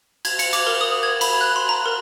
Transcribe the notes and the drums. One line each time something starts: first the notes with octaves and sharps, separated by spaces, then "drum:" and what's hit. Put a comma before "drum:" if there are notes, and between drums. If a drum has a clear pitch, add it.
G#6, drum: cymbal
C#7, drum: cymbal
D6, drum: cymbal
A#4
D#6
G#6
B5, drum: cymbal
F#6
C6
A#5
A#4